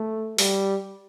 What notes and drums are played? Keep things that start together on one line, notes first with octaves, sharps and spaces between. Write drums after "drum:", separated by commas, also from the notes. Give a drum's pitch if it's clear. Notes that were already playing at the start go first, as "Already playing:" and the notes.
Already playing: A3
G3, drum: open hi-hat